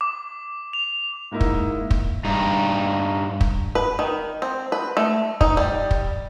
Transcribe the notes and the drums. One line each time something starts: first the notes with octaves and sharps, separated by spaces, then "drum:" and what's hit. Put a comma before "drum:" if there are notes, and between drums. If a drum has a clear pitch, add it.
D6
F7
G#2 A#3 D#4 E4
drum: kick
drum: kick
G2 D#4
drum: kick
B4
D#3
C4
B4
A3
D#4, drum: kick
G3
drum: kick